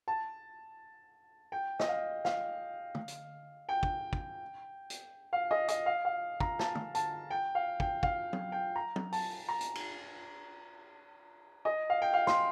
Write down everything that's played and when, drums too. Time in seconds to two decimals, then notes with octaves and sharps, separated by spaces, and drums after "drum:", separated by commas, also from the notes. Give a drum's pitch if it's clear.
0.08 A5
1.52 G5
1.79 D#5, drum: snare
1.88 F5
2.25 F5, drum: snare
2.95 drum: tom
3.08 drum: hi-hat
3.69 G5
3.83 drum: kick
4.13 drum: kick
4.90 drum: hi-hat
5.33 F5
5.51 D#5
5.68 D#5, drum: hi-hat
5.86 F5
6.05 F5
6.40 A#5, drum: kick
6.59 A5, drum: snare
6.75 drum: tom
6.95 A5, drum: hi-hat
7.31 G5
7.55 F5
7.80 G5, drum: kick
8.03 F5, drum: kick
8.33 drum: tom F#3
8.52 G5
8.76 A#5
8.96 drum: tom F#3
9.12 A5, drum: open hi-hat
9.48 A#5
9.61 drum: hi-hat
9.75 drum: cymbal
11.65 D#5
11.90 F5
12.02 G5
12.13 F5
12.27 C6, drum: snare